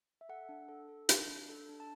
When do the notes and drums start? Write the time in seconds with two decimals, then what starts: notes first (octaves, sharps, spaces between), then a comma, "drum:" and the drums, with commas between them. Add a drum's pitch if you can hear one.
0.21 E5
0.29 A4 F#5
0.49 D4
0.69 A4
0.89 A4
1.09 D4, drum: hi-hat
1.29 D4
1.49 A4
1.69 D4
1.80 A5